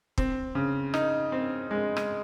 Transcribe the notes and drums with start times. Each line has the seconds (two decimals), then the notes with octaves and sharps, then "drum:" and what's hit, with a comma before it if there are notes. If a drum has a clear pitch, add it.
0.18 C4, drum: kick
0.55 C#3
0.94 D#4, drum: rim click
1.32 C4
1.71 G#3
1.97 drum: rim click